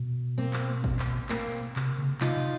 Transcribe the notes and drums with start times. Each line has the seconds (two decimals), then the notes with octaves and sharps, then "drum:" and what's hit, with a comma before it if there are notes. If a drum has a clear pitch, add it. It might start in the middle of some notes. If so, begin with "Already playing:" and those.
Already playing: B2
0.38 A#3 C4
0.53 drum: clap
0.84 drum: kick G#1
0.99 drum: clap
1.29 A#3 C4, drum: clap
1.76 C3, drum: clap
1.98 C#3
2.21 C3 D#4 F4, drum: clap
2.36 C3